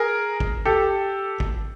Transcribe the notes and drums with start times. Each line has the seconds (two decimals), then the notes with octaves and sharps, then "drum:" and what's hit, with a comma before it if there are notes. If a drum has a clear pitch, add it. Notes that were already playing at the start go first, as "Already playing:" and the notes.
Already playing: G#4 A#4
0.40 drum: kick
0.65 G4 A4
1.40 drum: kick